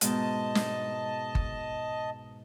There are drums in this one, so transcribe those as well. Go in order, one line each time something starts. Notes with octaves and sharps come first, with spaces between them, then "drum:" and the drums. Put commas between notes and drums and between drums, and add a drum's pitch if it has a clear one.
G#2 B2 D#5 A5, drum: hi-hat
drum: snare
drum: kick G1